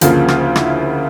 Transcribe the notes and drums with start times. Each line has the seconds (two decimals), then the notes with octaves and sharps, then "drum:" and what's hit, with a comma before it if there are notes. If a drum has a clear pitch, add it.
0.01 D2 C#3 F3 A#3 F4, drum: hi-hat
0.28 F4, drum: rim click
0.56 E4, drum: rim click